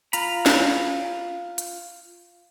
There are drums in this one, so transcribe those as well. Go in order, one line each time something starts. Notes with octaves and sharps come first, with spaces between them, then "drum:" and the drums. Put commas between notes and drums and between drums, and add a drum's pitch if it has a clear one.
F4 A#5 B5, drum: hi-hat
drum: snare
drum: hi-hat